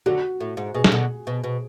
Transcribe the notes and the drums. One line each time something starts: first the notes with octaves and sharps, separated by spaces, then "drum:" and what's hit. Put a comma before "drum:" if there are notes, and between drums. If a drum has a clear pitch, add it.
D3 F#3 F#4
A2
G#2
B2 G#4
C#3, drum: snare
B2 D3
B2
B2